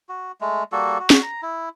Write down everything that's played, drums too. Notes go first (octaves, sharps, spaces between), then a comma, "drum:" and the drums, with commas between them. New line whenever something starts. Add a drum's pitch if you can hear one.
F#4
G#3 A3
G3 A#3 F#4 A4
F#4
drum: snare
A#5
E4